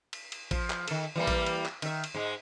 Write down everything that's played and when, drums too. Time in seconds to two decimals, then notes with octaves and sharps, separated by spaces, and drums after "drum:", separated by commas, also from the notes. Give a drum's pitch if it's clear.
0.13 drum: cymbal
0.32 drum: cymbal
0.51 F3, drum: kick, cymbal
0.70 drum: clap
0.88 D#3 A4, drum: cymbal
1.16 E3 G3 A#3
1.27 drum: kick, cymbal
1.46 drum: cymbal
1.66 drum: clap
1.82 D#3 E5, drum: cymbal
2.04 drum: cymbal
2.14 G#2 G#3